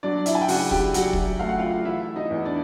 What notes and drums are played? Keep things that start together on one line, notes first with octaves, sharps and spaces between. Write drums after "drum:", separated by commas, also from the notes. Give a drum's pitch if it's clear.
F#3 D4 D5
E4 E5, drum: hi-hat
G#5
G5
C#3 F#4 F#5, drum: open hi-hat
G4 G5, drum: kick
F#3 F#4 F#5, drum: hi-hat
drum: kick
A3 F5
F#5
F4 F5
E3 E4 E5
D#4 D#5
E2
D4 D5